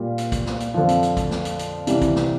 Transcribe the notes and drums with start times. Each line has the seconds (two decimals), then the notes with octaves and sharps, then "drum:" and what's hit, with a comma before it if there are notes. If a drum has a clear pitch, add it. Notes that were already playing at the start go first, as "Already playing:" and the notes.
Already playing: A#2 G3 A#3 F4
0.18 drum: hi-hat
0.32 drum: kick, hi-hat
0.46 drum: snare
0.60 drum: hi-hat
0.74 F2 D3 F3
0.89 drum: hi-hat
1.03 drum: hi-hat
1.17 drum: kick, hi-hat
1.31 drum: snare
1.45 drum: hi-hat
1.59 drum: hi-hat
1.87 C3 E3 G3, drum: hi-hat
2.02 drum: kick, hi-hat
2.16 drum: snare